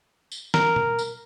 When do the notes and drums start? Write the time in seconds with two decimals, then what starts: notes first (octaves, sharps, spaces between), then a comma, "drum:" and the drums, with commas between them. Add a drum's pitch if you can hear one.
0.32 drum: tambourine
0.54 A#4, drum: snare
0.76 drum: tom B2
0.99 drum: tambourine